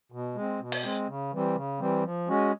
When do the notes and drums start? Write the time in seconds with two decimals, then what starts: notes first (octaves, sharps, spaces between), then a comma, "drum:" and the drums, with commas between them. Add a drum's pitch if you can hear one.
0.12 B2
0.36 G#3 C4
0.60 B2
0.72 drum: open hi-hat
0.83 G#3 C4
1.07 C#3
1.32 E3 G3 C4
1.56 C#3
1.79 E3 G3 C4
2.04 F3
2.28 G#3 C#4 F#4